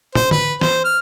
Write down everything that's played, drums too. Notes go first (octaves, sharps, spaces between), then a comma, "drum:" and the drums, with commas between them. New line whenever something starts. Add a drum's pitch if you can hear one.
C5, drum: tom
B4, drum: tom D3
C5, drum: snare
F6